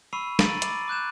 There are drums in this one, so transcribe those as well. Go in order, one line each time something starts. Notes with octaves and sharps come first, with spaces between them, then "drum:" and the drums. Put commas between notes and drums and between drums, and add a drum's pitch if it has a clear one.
B5 C#6 E6 C7 D#7 F7
A#5 B5 A6 D7 D#7 F#7, drum: snare
B5 D6 A6, drum: hi-hat
D6 F#6 G6 E7